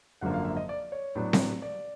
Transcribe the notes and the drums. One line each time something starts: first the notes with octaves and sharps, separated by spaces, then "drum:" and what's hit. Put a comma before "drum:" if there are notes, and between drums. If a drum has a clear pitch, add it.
G#1 F#2 D3 F3 A#3 F#5
F5
E5
D#5
D5
C#5
A2 F#3 B3 D4
drum: snare C4
D5